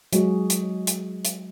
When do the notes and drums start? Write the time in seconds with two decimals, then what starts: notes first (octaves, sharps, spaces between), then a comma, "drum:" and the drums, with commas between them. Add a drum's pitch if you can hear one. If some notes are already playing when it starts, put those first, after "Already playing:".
0.13 F#3 G#3 F#4 G#4, drum: hi-hat
0.50 drum: hi-hat
0.87 drum: hi-hat
1.25 drum: hi-hat